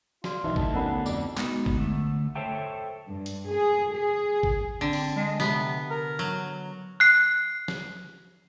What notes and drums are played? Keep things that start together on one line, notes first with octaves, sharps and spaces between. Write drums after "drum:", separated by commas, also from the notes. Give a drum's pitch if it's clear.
F4 F#4 D5, drum: snare
B1 E3 D#4 D#5 E5 G5
D2 A4, drum: kick G#1
B3 C#4 D4 A#4 F#5 B5
F#5
F2 D5, drum: tambourine
G#3 B3 D#4 F#4, drum: clap
drum: kick G#1
D3 A3
A4 C5 C#5 E5 G5 A5
G2
drum: hi-hat
G#4
G#4
drum: kick G#1
D3 C4
drum: open hi-hat
G#3
C3 B3, drum: snare
A#4
F#3
F#6 C7
drum: snare